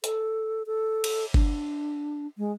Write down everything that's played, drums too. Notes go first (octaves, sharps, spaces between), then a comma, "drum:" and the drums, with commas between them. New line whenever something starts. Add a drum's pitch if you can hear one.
A4, drum: hi-hat
A4
drum: cymbal
D4, drum: kick G1
G#3